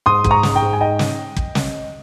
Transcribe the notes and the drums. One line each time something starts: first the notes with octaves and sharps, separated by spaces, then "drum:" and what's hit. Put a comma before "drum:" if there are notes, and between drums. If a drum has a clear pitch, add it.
G#2 C6 D#6
G#2, drum: kick
A#5 C#6
G#3, drum: snare
G5 A#5
G#2
G#5
D#4 D#5 G5
drum: snare
drum: kick
drum: snare